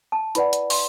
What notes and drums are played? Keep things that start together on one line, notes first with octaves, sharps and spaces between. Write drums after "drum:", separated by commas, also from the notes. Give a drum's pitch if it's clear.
A5
E4 B4 D5 F#5 B5, drum: hi-hat
drum: hi-hat
C6, drum: open hi-hat